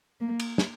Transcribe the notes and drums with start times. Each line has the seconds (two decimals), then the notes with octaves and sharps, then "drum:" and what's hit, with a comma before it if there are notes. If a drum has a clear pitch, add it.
0.20 A#3
0.40 drum: cymbal
0.58 drum: snare